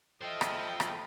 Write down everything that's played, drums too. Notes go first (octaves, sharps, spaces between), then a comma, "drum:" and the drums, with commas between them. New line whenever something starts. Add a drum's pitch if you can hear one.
F4 A4 C5 D#5 E5 G5
drum: rim click
drum: rim click